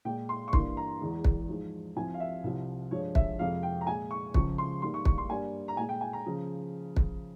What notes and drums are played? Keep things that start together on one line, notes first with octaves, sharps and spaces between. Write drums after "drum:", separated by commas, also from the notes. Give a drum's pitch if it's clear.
A#2 G#3 G5
C6
C#6
G2 E3 A#3 C6, drum: kick
A#5
E2 E3 G#3
drum: kick
G#2 F3 G#3
C2 C3 F3 G#5
F5
E5
C2 C3 F3
G2 F3 G#3 C#5
E5, drum: kick
F2 C3 F3 G#3 F5
G5
A#5
A#2 G#3 G#5
C#6
C#2 C#3 F3 C#6, drum: kick
C6
G#2 G3 A#3 C6
C#6
C#6, drum: kick
C6
G2 G3 A#3 G#5
A#5
A#2 G#3 G#5
G5
G#5
A#5
C#3 F3
drum: kick